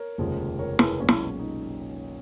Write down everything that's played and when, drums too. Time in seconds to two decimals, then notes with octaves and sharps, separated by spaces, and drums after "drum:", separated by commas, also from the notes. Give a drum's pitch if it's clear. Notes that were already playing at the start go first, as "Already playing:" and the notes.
Already playing: A#4 C#5
0.18 F1 D#2 C#3 F3 G#3
0.59 A#4 C#5
0.79 G#4 B4, drum: snare
0.99 B1 A#2 G#3 C#4 F4
1.09 drum: snare
1.39 D#4